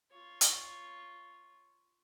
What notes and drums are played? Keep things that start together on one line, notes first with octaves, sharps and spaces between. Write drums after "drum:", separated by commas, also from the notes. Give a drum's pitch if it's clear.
F4 C#5
drum: hi-hat